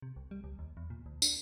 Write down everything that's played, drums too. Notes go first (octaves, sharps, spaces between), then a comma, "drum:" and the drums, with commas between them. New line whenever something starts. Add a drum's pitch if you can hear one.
C3
C2
G3
C#2
D#2
E2
A#2
D2
D4, drum: tambourine